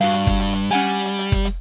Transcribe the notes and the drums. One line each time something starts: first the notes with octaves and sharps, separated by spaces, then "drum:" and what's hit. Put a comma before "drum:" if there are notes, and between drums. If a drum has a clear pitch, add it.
G2 F#4 F5
drum: hi-hat
drum: kick, hi-hat
drum: hi-hat
drum: hi-hat
G3 C#4 F#5 G#5
drum: hi-hat
drum: hi-hat
drum: kick, hi-hat
drum: hi-hat